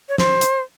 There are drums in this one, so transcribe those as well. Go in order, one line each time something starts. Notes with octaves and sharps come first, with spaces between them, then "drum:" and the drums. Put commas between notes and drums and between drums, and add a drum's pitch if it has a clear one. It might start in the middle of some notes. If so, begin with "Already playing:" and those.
C#5
C5, drum: snare
drum: hi-hat